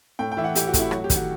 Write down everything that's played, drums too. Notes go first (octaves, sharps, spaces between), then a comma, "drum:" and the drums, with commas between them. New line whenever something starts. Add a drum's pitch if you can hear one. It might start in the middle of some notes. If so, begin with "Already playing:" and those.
A2 G5
G5
E3 E5
F#5
A2 G4, drum: hi-hat
F#4
A2, drum: kick, hi-hat
E4
F#3 F#4, drum: rim click
G4
D#3, drum: kick, hi-hat
F#4